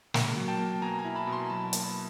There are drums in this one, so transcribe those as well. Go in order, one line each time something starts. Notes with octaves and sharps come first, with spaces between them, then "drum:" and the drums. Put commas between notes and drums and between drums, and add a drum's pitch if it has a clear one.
A#3, drum: snare
F#3
G5 A5
A#3
B2 G#5 A#5
G#5 A#5
E4
A5 B5
B2
A#5 C6
F#3 A5 B5
A#3, drum: hi-hat
A5 B5